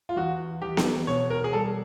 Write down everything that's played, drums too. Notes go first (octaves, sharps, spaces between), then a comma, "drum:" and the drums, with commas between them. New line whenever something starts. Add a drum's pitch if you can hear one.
F4
E2 F#4
E2 G4
drum: snare B3
B2 C#5
A#4
G#4
G3 A4